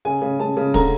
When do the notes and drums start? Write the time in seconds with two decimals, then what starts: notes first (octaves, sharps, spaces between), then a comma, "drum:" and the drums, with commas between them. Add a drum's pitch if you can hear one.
0.05 C#3 G#5
0.22 C#3
0.40 C#3 A5
0.57 C#3
0.74 D3 A#5, drum: kick, open hi-hat